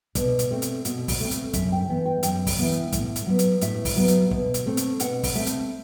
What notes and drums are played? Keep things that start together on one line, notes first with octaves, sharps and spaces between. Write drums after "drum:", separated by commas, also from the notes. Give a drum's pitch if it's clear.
B2 D5, drum: kick, hi-hat
drum: hi-hat
A3 C4
drum: hi-hat
B2, drum: hi-hat
drum: kick, open hi-hat
A3 C4
drum: hi-hat
F#2 E5, drum: kick, hi-hat
G5
E3 B3 G5
G5
F#2 G5, drum: hi-hat
drum: kick, open hi-hat
E3 B3
A2, drum: kick, hi-hat
drum: hi-hat
F#3 B3
drum: hi-hat
A2 E5, drum: hi-hat
drum: kick, open hi-hat
F#3 B3
drum: hi-hat
B2, drum: kick
drum: hi-hat
A3 C4
drum: hi-hat
B2 F#5, drum: hi-hat
drum: kick, open hi-hat
A3 C4 E5
drum: hi-hat